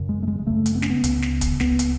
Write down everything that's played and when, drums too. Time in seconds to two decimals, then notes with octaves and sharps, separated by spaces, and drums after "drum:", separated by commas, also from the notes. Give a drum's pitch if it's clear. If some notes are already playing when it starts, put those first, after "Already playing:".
Already playing: F#2 C#3
0.09 G#3
0.23 A3
0.28 G#3
0.39 G#3
0.46 F#2 C#3 A3
0.66 drum: hi-hat
0.75 B3
0.82 C#4, drum: snare
0.90 B3
1.04 C#2 C#3, drum: hi-hat
1.22 drum: snare
1.41 drum: kick D1, hi-hat
1.60 C#2 C#3 B3, drum: snare
1.79 drum: hi-hat